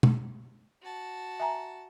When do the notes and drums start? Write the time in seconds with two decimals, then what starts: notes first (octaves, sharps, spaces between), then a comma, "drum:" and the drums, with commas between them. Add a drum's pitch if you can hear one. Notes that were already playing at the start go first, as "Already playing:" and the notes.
0.03 drum: tom B2
0.82 F#4 A5
1.40 E5 G#5 A#5